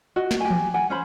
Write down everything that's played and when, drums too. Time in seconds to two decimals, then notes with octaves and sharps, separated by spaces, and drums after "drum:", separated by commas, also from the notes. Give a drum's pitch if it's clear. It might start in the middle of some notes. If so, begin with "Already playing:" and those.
0.16 F#4 D#5
0.31 drum: snare
0.40 G4 G#5
0.51 drum: tom E3
0.74 F#5 G#5
0.90 C#4 C5 B5